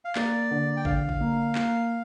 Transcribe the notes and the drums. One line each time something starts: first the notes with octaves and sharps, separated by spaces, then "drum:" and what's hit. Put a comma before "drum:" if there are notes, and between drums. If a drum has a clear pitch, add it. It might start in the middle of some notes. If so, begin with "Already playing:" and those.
F5
A#3 D5, drum: clap
D3
G5
D3 F5, drum: kick A1
drum: kick A1
A#3
A#3, drum: clap